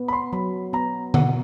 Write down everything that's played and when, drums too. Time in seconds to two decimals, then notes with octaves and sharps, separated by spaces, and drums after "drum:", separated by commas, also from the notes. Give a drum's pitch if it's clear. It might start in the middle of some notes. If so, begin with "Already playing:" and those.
Already playing: B3
0.08 B5
0.13 C6
0.33 F#3 B5
0.73 B3 A#5
1.14 B2 F#5, drum: tom D3